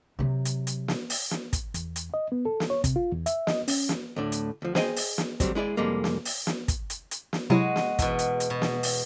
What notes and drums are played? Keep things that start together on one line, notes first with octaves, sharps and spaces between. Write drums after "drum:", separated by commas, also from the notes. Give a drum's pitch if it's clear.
C3 F#3
drum: hi-hat
drum: hi-hat
drum: snare
drum: open hi-hat
drum: snare
drum: kick, hi-hat
E2, drum: hi-hat
drum: hi-hat
D#5
B3
A4
drum: snare
C#5
C3, drum: kick, hi-hat
F4
E2
E5, drum: hi-hat
D#5, drum: snare
C#4, drum: open hi-hat
drum: snare
D2 A2 D4
drum: hi-hat
D2 F3
G#4 C5 D#5 G5, drum: snare
drum: open hi-hat
drum: snare
D2 F#3 G3 C4, drum: kick, hi-hat
G#3 E4 G#4 D5
C2 F2 G3 G#3 A#3
drum: snare
drum: open hi-hat
drum: snare
drum: kick, hi-hat
drum: hi-hat
drum: hi-hat
drum: snare
C3 F#3 G#3 E4 F#4
drum: snare
E2 B2, drum: kick, hi-hat
drum: hi-hat
drum: hi-hat
B2
drum: snare
drum: open hi-hat